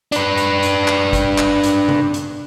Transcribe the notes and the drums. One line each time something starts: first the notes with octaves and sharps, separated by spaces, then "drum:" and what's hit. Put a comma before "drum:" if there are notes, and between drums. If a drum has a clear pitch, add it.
D4 B4, drum: hi-hat
drum: hi-hat
drum: hi-hat
drum: clap
drum: kick, hi-hat
drum: clap
drum: hi-hat
drum: tom C3
drum: hi-hat